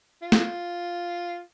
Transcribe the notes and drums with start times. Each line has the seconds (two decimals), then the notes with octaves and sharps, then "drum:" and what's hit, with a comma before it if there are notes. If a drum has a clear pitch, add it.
0.22 F4
0.32 drum: snare